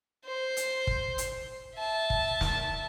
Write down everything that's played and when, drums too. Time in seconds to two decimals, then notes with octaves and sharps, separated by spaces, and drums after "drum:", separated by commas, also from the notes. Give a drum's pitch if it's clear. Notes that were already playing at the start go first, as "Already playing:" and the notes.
0.26 C5
0.57 drum: hi-hat
0.87 drum: kick
1.18 drum: hi-hat
1.76 E5 A5
2.10 drum: kick
2.41 drum: snare